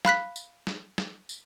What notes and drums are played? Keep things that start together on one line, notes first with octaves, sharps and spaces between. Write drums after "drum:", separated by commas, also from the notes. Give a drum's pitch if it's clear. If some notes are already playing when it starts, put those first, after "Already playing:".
F5 B5 F#6 B6, drum: snare
drum: tambourine
drum: snare
drum: snare
drum: tambourine